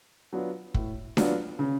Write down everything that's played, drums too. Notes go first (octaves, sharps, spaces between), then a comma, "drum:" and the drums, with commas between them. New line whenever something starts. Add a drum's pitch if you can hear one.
F#3 B3 D4 F4
A2, drum: kick
F#3 B3 D4 F4, drum: snare D4
C#3